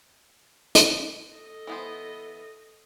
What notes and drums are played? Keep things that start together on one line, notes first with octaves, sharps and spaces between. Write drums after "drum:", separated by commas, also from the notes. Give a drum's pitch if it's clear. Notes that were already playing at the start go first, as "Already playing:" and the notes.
drum: hi-hat
A4 D#5
E3 B3 C5